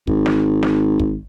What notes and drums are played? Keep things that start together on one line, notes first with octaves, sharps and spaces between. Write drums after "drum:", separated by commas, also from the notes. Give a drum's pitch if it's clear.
G#1, drum: kick
drum: snare
drum: snare
drum: kick